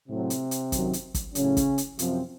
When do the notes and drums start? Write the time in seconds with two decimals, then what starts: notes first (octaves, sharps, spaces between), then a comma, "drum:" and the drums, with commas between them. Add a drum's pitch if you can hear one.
0.08 A2 C3 F#3 C4
0.30 drum: hi-hat
0.51 drum: hi-hat
0.72 F#2 D#3 F#3, drum: kick, hi-hat
0.93 drum: hi-hat
1.14 drum: kick, hi-hat
1.35 A2 C#3 F#3 C#4, drum: hi-hat
1.57 drum: kick, hi-hat
1.78 drum: hi-hat
1.99 F#2 C3 F3 C4, drum: hi-hat